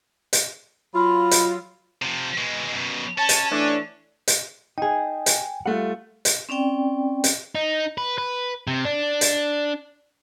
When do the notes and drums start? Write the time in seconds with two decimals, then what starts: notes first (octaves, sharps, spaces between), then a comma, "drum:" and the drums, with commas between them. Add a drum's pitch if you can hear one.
0.33 drum: hi-hat
0.95 F#3 F4 B5
1.31 drum: hi-hat
2.02 C3 F3
2.37 B2 G#3
2.72 F#2 B2
3.18 C#4 A5
3.29 drum: hi-hat
3.51 E3 A3 D4
4.28 drum: hi-hat
4.78 D#4 G#4 G5 G#5
5.26 drum: hi-hat
5.66 G3 A3 F4 F#5
6.25 drum: hi-hat
6.49 C4 C#4 D5 G5
7.24 drum: hi-hat
7.55 D#4
7.98 B4
8.18 B4
8.67 C3
8.85 D4
9.21 drum: hi-hat